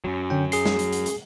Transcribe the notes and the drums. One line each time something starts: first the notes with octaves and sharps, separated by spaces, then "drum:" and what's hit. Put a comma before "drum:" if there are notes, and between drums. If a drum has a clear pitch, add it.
F#2 F#3
D3 C#4 G5
G#4 C7, drum: hi-hat
drum: snare
drum: hi-hat
drum: hi-hat
drum: hi-hat